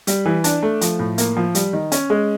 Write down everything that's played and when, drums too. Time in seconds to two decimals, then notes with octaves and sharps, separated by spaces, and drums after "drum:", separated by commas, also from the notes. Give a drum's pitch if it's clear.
0.07 G3, drum: hi-hat
0.26 E3
0.44 D4, drum: hi-hat
0.63 A3
0.81 F3, drum: hi-hat
0.99 A2
1.18 A#3, drum: hi-hat
1.37 F3
1.55 G3, drum: hi-hat
1.73 D#3
1.92 C#4, drum: hi-hat
2.10 G#3